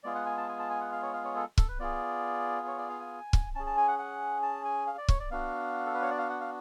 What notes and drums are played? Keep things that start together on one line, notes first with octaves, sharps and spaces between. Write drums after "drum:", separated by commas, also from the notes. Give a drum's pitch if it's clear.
G#3 B3 F4 G#4 D5
F#5
G#5
A5
G#5
A5
G#5
F#5
F5
C#5
F5
C#5
A4
A4, drum: kick
B4
B3 F4 G#4 D5
C#5
D5
F5
G#5
drum: kick
C#4 G#4 A5
A5
G#5
F#5
F#5
A5
G#5
F5
D5
C#5, drum: kick
D5
B3 D4 F#4 F5
A4
B4
C#5
D5
F5
F#5
F5